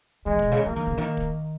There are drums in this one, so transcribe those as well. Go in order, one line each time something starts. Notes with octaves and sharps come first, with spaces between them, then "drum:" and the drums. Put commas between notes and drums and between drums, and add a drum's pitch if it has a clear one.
D#3 G#3
B2, drum: kick
C#3
F3 A#3
D#3
C#3
D#3
drum: kick